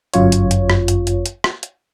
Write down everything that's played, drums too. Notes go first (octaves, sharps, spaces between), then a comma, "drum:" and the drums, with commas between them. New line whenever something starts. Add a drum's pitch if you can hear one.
G1 F#2 F4 C#5, drum: hi-hat
drum: hi-hat
drum: hi-hat
drum: rim click
drum: hi-hat
drum: hi-hat
drum: hi-hat
drum: rim click
drum: hi-hat